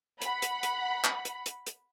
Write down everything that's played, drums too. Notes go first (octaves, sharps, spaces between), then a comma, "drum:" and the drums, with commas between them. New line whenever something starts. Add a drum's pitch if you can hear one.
F#5 B5, drum: hi-hat
drum: hi-hat
drum: hi-hat
drum: clap
drum: hi-hat
drum: hi-hat
drum: hi-hat